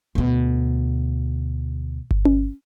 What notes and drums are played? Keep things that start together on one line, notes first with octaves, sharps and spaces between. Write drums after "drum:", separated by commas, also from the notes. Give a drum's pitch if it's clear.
D2 B2
drum: kick G1
drum: tom C#4